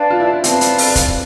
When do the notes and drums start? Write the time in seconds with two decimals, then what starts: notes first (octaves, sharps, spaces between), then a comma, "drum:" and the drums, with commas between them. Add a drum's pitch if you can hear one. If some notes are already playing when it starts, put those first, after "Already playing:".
Already playing: D4 B4 D5 F5 A5
0.10 F4
0.20 E4
0.44 C4 B4 D5 F5 A5, drum: hi-hat
0.61 drum: hi-hat
0.78 drum: open hi-hat
0.96 drum: kick F1, hi-hat